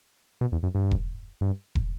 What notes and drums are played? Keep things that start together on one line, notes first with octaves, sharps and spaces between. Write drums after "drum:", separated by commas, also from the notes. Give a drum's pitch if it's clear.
B2
E2
F#2
G2
drum: kick E1
G2
drum: kick E1